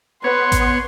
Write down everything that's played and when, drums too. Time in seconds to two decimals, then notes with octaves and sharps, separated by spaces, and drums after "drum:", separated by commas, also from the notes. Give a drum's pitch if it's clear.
0.24 B3 B4 C#5 C6
0.52 drum: kick A1, hi-hat